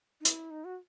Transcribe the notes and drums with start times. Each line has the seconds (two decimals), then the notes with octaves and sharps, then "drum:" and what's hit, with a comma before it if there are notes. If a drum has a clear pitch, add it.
0.21 D#4
0.25 E4, drum: hi-hat
0.51 D#4
0.65 F#4